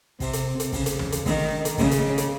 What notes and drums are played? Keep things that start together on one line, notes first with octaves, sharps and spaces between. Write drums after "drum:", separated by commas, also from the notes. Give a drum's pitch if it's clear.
C3, drum: kick, open hi-hat
drum: hi-hat
drum: hi-hat
C#3, drum: kick, open hi-hat
drum: hi-hat
drum: tom
drum: hi-hat
D#3, drum: kick, open hi-hat
drum: hi-hat
C#3, drum: kick, open hi-hat
drum: hi-hat
drum: hi-hat